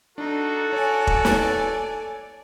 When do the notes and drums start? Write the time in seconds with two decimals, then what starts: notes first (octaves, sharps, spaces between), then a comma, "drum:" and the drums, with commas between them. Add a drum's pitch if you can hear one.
0.18 D4 D#4 F#4 A4
0.73 C#5 D5 G#5
1.07 drum: kick E1
1.25 drum: snare